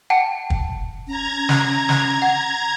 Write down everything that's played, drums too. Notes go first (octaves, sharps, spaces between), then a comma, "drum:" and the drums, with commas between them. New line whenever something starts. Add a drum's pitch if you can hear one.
F#5 G5 A5
drum: kick
C#4 A#5 G#6
drum: snare
drum: snare
F#5